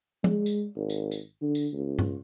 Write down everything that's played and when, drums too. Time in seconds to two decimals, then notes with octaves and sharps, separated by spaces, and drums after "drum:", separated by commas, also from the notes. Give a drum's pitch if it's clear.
0.24 G#3, drum: tom
0.46 drum: tambourine
0.76 G#1
0.90 drum: tambourine
1.11 drum: tambourine
1.42 D3
1.55 drum: tambourine
1.73 C#2
1.99 drum: tom G2